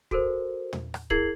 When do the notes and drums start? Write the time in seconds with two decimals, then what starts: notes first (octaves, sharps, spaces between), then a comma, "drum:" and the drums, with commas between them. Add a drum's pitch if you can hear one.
0.11 F#4 A4 A#4 C5, drum: kick
0.73 drum: tom
0.94 drum: rim click
1.10 E4 G#4 A#4 G#6 C7 F#7, drum: kick